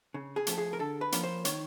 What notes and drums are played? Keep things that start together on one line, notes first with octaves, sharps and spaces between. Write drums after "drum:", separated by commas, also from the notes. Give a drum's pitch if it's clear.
C#3
G#4
F3 A3, drum: hi-hat
G#4
A#4
D3 A4
B4
F3 A#3 C#4, drum: hi-hat
C5
D#3 C#5, drum: hi-hat